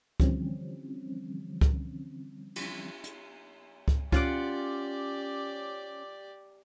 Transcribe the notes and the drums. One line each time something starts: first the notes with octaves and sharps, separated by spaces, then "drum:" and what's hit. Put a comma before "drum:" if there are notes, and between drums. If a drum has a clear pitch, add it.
D3 E3 F3 G3 C4 C#4, drum: kick C#2
drum: kick C#2
drum: cymbal
drum: hi-hat
drum: kick C#2
C#4 F4 G4 D5 F#5 D6, drum: kick C#2